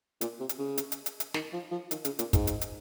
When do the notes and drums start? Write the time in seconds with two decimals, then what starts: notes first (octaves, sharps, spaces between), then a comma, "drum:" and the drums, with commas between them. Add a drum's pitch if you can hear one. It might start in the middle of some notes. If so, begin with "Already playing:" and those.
0.21 A#2, drum: hi-hat
0.40 C3
0.49 drum: hi-hat
0.59 C#3
0.78 drum: hi-hat
0.92 drum: hi-hat
1.06 drum: hi-hat
1.20 drum: hi-hat
1.34 D#3, drum: snare
1.53 F3
1.71 F3
1.91 D#3, drum: hi-hat
2.05 C#3, drum: hi-hat
2.19 A#2, drum: hi-hat
2.33 G#2, drum: kick, hi-hat
2.47 drum: hi-hat
2.61 drum: hi-hat